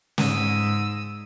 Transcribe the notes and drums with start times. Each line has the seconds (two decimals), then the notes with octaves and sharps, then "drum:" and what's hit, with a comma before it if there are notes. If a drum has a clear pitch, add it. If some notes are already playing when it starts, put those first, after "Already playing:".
0.18 G#2 D#6 E6, drum: snare